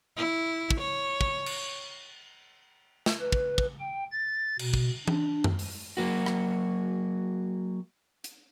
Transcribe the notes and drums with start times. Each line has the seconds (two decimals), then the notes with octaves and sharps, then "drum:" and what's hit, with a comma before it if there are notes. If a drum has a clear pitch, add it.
0.17 E4
0.71 drum: kick
0.81 C#5
1.21 drum: kick
1.46 drum: cymbal
3.06 drum: snare
3.20 B4
3.32 drum: kick
3.58 drum: kick
3.80 G5
4.12 A6
4.59 B2, drum: cymbal
4.74 drum: kick
5.08 D4, drum: tom E3
5.44 drum: tom F#2
5.59 drum: open hi-hat
5.97 F#3 A#3 F#4
6.26 drum: rim click
8.24 drum: hi-hat